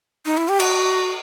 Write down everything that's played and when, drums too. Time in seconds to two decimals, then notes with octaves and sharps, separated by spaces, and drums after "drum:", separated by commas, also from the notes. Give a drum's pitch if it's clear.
0.26 D#4
0.37 E4
0.49 G4
0.60 F#4, drum: cymbal